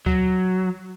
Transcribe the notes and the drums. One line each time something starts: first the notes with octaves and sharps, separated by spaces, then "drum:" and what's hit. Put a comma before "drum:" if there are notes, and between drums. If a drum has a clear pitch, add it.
F#3, drum: kick D2